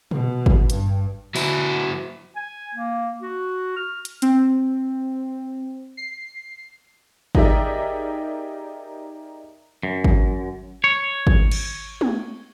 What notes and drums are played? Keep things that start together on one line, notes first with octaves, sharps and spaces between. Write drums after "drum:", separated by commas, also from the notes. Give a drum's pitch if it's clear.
B2, drum: tom
drum: kick G#1
G2, drum: hi-hat
F#3 E4, drum: open hi-hat
G#5
A#3
F#4
F6
drum: hi-hat
C4, drum: hi-hat
C7
D#4 G4 G#4 A#4 D5 E5, drum: kick G#1
F#2
drum: kick G#1
C#5
drum: kick G#1
drum: cymbal
drum: tom